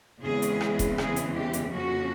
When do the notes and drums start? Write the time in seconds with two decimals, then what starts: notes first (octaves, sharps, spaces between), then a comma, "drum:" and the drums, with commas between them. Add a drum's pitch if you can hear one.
0.23 E2 C#3 E3 G#3 C4 G#4
0.42 drum: hi-hat
0.61 drum: rim click
0.79 drum: kick E1, hi-hat
0.98 G#4, drum: rim click
1.16 drum: hi-hat
1.35 G4
1.53 drum: hi-hat
1.71 F2 C#3 F3 A#3 C#4 F#4